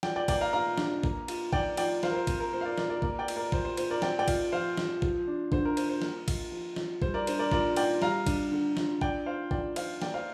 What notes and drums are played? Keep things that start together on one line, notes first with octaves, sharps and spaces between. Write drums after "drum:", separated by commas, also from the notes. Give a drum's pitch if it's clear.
F3 D5 G5, drum: snare
D5 G5
A#3 D5 G5, drum: kick, cymbal
F5 A#5
A#2 F5 A#5
D4, drum: snare
A#3, drum: kick
F4, drum: cymbal
F3 D5 G5, drum: kick
F3 D5 G5, drum: cymbal
F3 C5 F5, drum: snare
A#4
C5
C4 C5, drum: kick, cymbal
A#4
A#2 C5
F5
A#4 D5
A#2 A#4 D5, drum: snare
A#4 D5
A#3 A#4 D5, drum: kick
D5 G5
F4, drum: cymbal
A#4 D5
A#2 C5, drum: kick
C5
A#2 C5, drum: cymbal
A#4 D5
C4 D5 G5, drum: snare
D5 G5
F4, drum: kick, cymbal
F3 C5 F5
F3, drum: snare
F3, drum: kick
D4
D3 C5, drum: kick
A#4
F4 C5, drum: cymbal
C5
A#3 A#4, drum: snare
F4, drum: kick, cymbal
F3
F3, drum: snare
G3 C5, drum: kick
A#4 D5
D4 C5, drum: cymbal
A#4 D5
A#2 A#4 D5, drum: kick
F4 D5 G5, drum: cymbal
G3 F5 A#5, drum: snare
D4, drum: kick, cymbal
D3
F4, drum: snare
D4 D5 G5, drum: kick
F4 C5 F5
F3 D5 G5, drum: kick
F3 C5 F5, drum: cymbal
A#3 D5 G5, drum: snare
C5 F5